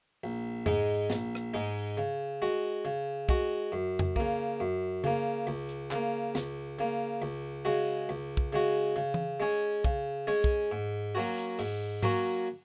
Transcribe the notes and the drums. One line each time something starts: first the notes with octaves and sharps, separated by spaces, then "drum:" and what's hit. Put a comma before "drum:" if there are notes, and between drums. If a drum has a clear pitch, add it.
A#1
G#2 G#3 D#4, drum: tom F2
A#1, drum: snare
drum: rim click
G#2 G#3 D#4
C#3
G#3 F#4
C#3
G#3 F#4, drum: kick
F#2
drum: tom F2
C#3 A#3, drum: kick
F#2
C#3 A#3, drum: tom C#3
C#2
drum: hi-hat
C#3 A#3, drum: clap
C#2, drum: snare
C#3 A#3
C#2
C#3 G#3 F#4
C#2
drum: kick
C#3 G#3 F#4
C#3
drum: tom E3
G#3 C#4 G#4
C#3, drum: kick
G#3 C#4 G#4
drum: kick
G#2
F#3 A#3 C#4 F#4
drum: hi-hat
G#2, drum: open hi-hat
F#3 A#3 C#4 F#4, drum: tom G#2